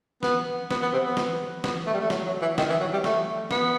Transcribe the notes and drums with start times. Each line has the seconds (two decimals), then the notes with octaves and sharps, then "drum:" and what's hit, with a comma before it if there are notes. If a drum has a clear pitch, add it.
0.23 B3, drum: snare
0.71 B3, drum: snare
0.82 B3
0.93 C4
1.05 B3
1.17 drum: snare
1.64 B3, drum: snare
1.87 A3
1.94 G3
2.01 A3
2.10 F#3, drum: snare
2.26 F#3
2.41 E3
2.58 D#3, drum: snare
2.69 E3
2.81 F#3
2.93 G3
3.04 A3, drum: snare
3.51 B3, drum: snare